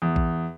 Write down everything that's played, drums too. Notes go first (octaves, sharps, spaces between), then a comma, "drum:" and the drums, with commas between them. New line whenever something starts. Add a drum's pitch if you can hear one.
E2
drum: kick A#1